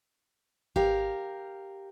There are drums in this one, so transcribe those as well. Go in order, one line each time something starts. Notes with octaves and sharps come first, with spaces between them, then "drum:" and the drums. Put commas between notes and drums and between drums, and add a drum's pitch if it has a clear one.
G4 A#4 F5, drum: kick G#1